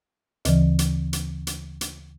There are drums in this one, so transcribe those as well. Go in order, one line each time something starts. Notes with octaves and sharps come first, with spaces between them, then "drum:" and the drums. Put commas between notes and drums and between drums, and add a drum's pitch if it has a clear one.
D2 C#3 E3, drum: hi-hat
drum: hi-hat
drum: hi-hat
drum: hi-hat
drum: hi-hat